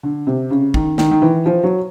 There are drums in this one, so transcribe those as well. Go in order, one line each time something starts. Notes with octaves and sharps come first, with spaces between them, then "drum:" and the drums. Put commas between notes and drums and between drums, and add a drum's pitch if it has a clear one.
D3
C3
C#3
D#3, drum: kick
D#3, drum: snare
D#3
E3
F3
F#3